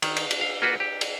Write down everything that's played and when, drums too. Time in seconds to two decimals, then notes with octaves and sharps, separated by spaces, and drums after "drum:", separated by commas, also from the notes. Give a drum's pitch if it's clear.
0.02 D#3, drum: cymbal
0.17 drum: cymbal
0.31 drum: cymbal
0.41 F5
0.62 A#3 F4 F#4 B4
0.80 G4
1.01 drum: cymbal